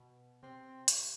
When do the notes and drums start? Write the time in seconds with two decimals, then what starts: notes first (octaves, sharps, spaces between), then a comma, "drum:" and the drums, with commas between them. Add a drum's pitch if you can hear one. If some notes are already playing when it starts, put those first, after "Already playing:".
Already playing: B2
0.43 C3 C4
0.88 drum: hi-hat